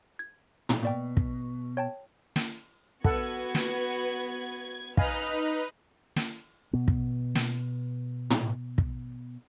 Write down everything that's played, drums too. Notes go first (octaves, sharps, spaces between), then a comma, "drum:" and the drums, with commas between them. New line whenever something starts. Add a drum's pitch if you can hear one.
G#6
drum: tom
B2 A#3 D5 G5
drum: kick
C#5 G5 A5
drum: snare
B3 F#4 A4 B4 F#5 G#6, drum: kick
drum: snare
D#4 B4 D#5 F5 G#5 F6, drum: kick
drum: snare
B2 B3
drum: kick
drum: snare
drum: tom
drum: kick